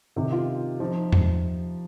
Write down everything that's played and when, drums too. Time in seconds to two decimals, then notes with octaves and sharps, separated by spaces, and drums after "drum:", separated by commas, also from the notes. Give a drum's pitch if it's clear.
0.16 C3 D#3
0.32 F4
0.80 F3 D#4
1.13 drum: tom E2